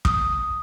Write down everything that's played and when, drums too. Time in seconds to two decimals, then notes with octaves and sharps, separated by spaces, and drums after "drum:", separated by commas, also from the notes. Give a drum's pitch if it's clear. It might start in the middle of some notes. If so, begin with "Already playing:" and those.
0.05 D#6, drum: kick